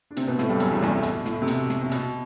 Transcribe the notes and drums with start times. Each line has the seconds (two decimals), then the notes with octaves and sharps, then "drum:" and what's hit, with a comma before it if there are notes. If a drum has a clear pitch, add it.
0.11 D4
0.17 C3 C4, drum: hi-hat
0.27 B2 B3
0.38 A2 A3, drum: snare
0.49 G2 G3
0.60 F#2 F#3, drum: hi-hat
0.71 E2 E3
0.82 C2 C3, drum: snare
0.92 A2
1.03 B2, drum: hi-hat
1.25 A2, drum: snare
1.42 C3
1.48 B2, drum: hi-hat
1.69 drum: snare
1.82 C3
1.91 B2, drum: hi-hat